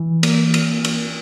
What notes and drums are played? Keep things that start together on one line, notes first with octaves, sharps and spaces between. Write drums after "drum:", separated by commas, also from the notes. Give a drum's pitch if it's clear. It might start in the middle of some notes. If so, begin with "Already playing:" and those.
Already playing: E3
A#3, drum: cymbal
drum: cymbal
drum: cymbal